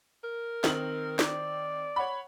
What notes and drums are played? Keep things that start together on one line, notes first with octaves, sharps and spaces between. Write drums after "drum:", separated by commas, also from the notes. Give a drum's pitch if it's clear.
A#4
D#3 C4 F#7, drum: snare
D5, drum: snare
C#5 F#5 B5